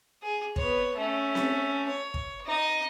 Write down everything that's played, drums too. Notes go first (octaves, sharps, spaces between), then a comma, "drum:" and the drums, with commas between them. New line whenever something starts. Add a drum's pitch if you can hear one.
G#4
B3 C#5, drum: kick
A3 C#4
drum: snare C4
C#5
drum: kick
D#4 D#5